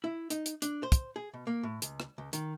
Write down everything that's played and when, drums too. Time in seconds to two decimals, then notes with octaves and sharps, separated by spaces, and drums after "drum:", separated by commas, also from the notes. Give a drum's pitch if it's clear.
0.04 E4
0.30 D#4, drum: hi-hat
0.46 drum: hi-hat
0.62 D4, drum: hi-hat
0.83 C5
0.92 drum: kick, hi-hat
1.16 G#4
1.34 B2
1.47 A#3
1.63 A2
1.82 C#2, drum: hi-hat
2.00 drum: rim click
2.18 C#2
2.33 D#3, drum: hi-hat